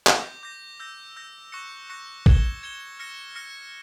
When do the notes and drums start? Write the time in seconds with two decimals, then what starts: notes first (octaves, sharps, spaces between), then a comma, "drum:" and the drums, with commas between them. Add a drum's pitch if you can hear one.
0.07 D6 G6 A#6, drum: clap
0.43 D6 G6 A#6
0.80 E6 G6 A#6
1.16 E6 G6 A#6
1.52 C#6 F#6 A#6 C#7
1.90 C#6 F#6 A#6 C#7
2.26 G#6 C#7 E7 G7, drum: kick
2.63 G#6 C#7 E7 G7
2.99 F6 A#6 C#7
3.35 F6 A#6 C#7